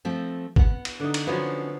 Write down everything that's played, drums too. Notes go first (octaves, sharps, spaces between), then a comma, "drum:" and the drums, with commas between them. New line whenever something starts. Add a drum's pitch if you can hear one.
F3 A3 C4
B3 F#5, drum: kick G#1
drum: cymbal
D3 D#4
drum: cymbal
F3 F#3 B3 C#4 D4 F#4